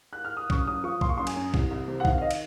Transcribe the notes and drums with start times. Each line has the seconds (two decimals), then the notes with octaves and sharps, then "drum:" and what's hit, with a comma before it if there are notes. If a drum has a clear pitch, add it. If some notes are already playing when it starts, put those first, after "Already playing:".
0.13 F#6
0.25 F6
0.37 D#6
0.50 F#2 C#6, drum: kick B1
0.67 F#2 D#6
0.84 F3 C#6
1.01 A#3 C6, drum: kick B1
1.09 C#6
1.18 F#2 C6
1.27 G#5, drum: cymbal
1.37 F#2
1.54 C2, drum: kick B1
1.71 C2
1.88 C3
2.00 F#5
2.05 D#3 F5, drum: kick B1
2.18 F5
2.21 D#5
2.31 drum: cymbal